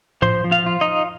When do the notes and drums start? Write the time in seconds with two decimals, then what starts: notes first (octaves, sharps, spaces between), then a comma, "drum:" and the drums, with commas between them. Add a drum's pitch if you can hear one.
0.22 F3 C5 C6, drum: tom A2
0.44 F3
0.51 F4 F5
0.66 F4
0.81 D#4 D#5
0.88 F4